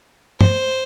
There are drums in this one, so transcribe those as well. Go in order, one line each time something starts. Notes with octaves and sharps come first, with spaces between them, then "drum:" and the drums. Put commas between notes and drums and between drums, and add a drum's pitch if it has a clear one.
C5, drum: tom